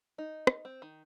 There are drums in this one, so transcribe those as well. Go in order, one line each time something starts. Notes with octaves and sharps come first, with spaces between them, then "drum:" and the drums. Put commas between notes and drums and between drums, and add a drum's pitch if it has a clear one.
D#4
drum: rim click
C4
D#3